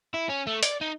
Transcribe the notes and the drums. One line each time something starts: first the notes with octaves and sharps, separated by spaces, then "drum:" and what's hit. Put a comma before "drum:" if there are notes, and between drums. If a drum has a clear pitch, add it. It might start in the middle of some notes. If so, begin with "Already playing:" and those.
E4
C#4
A3
D5, drum: hi-hat
D#4